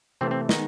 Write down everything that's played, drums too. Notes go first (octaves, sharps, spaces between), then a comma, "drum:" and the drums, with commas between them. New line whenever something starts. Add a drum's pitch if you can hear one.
C3 E3 A3 C4
C4
D#3 G#3 B3 D#4, drum: snare